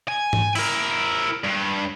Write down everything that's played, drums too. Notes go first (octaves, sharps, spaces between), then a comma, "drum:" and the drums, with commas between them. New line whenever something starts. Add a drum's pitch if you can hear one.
G#5
drum: tom G#2
E4 A#4, drum: cymbal
G2